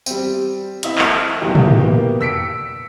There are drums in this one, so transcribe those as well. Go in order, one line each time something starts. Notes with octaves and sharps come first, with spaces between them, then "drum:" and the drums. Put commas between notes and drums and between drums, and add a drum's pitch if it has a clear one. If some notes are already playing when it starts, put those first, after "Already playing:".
G3 C4, drum: tambourine
C4 E4 D#5 E5, drum: hi-hat
drum: clap
F#1 E2 B2 A3 D#4 G4
drum: tom
A#3 B3 G4
E6 B6 C#7 D7